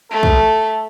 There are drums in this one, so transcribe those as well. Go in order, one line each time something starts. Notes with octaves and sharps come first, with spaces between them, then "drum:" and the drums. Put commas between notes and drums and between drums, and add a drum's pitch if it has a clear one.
A3 A4
drum: kick